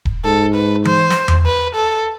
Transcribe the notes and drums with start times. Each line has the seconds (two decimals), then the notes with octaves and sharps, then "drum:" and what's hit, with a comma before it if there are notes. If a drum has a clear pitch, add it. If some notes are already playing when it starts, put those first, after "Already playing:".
0.05 drum: kick D#1
0.25 G#2 A4
0.55 B4
0.85 C5, drum: tom E3
1.10 drum: snare
1.28 drum: tom E2
1.46 B4
1.75 A4